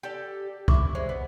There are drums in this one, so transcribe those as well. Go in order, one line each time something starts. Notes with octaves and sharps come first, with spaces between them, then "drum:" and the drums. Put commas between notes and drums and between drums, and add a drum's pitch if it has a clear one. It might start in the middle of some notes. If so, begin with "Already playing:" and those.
G4 A4 D5
E4 B5 C#6 D6, drum: kick
G#3 C5 D5 D#5
B3